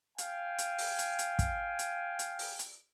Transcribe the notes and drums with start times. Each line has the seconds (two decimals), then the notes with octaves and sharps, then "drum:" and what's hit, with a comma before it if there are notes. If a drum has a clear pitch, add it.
0.18 F5 G5 G#5, drum: hi-hat
0.58 drum: hi-hat
0.79 drum: open hi-hat
0.99 drum: hi-hat
1.19 drum: hi-hat
1.39 drum: kick, hi-hat
1.79 drum: hi-hat
2.19 drum: hi-hat
2.39 drum: open hi-hat
2.59 drum: hi-hat